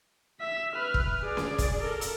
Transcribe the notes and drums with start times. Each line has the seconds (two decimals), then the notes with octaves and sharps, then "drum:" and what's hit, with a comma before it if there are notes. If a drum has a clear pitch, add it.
0.40 E5 B6
0.73 B4 F6
0.94 drum: kick
1.22 G#4 D5
1.37 drum: snare C#4
1.58 drum: kick, hi-hat
1.81 A4 A#4
2.01 drum: hi-hat